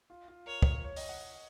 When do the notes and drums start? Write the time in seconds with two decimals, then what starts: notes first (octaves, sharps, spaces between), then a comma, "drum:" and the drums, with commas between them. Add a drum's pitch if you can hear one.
0.10 F4
0.28 F4
0.46 A#4 C#5
0.62 drum: kick
0.84 C#5
0.96 D#5, drum: open hi-hat
1.09 F#5